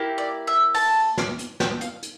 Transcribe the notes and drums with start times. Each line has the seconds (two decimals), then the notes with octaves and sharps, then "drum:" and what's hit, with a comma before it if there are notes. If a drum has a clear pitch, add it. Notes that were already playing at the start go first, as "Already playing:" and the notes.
Already playing: A#3 E4 G4
0.18 D5
0.47 E5
0.75 A5, drum: open hi-hat
1.18 drum: snare
1.39 drum: hi-hat
1.60 G5, drum: snare
1.81 F5, drum: hi-hat
2.03 drum: hi-hat